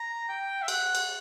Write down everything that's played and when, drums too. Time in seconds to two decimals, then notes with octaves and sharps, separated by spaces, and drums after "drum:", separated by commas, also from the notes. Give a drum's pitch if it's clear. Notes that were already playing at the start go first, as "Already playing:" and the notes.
Already playing: A#5
0.29 G5
0.62 E5
0.68 F#5, drum: cymbal
0.95 drum: cymbal